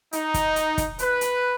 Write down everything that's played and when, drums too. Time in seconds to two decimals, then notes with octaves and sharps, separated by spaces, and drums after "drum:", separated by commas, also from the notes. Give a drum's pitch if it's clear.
0.13 D#4, drum: hi-hat
0.34 drum: kick, hi-hat
0.56 drum: hi-hat
0.78 drum: kick, hi-hat
0.99 B4, drum: hi-hat
1.21 drum: hi-hat